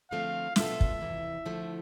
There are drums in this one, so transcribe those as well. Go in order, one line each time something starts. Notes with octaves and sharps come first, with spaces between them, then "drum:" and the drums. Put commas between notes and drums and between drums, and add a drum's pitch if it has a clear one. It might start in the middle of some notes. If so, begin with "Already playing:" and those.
D3 F3 A3 C4 F5
B2 B3 F4 A4 E5, drum: snare
drum: kick
F2 C3 E3
D3 F3 A3 E4